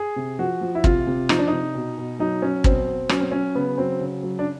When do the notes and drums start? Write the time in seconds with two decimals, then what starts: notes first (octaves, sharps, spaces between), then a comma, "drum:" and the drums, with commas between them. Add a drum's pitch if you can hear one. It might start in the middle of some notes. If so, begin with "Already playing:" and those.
Already playing: G#4
0.16 C3
0.39 F3 F#4
0.61 F3
0.75 E4
0.84 C3 F4, drum: kick
1.07 C3
1.29 F3 D#4, drum: rim click
1.39 D4
1.47 C3 D#4
1.75 B2
1.98 B2
2.19 F#3 D#4
2.42 F#3 C#4
2.64 B2 C4, drum: kick
2.87 B2
3.09 F#3 C#4, drum: rim click
3.20 C4
3.31 F#3 C#4
3.55 C#3 B3
3.78 F#3 C4
4.00 C#3
4.23 F#3
4.39 D4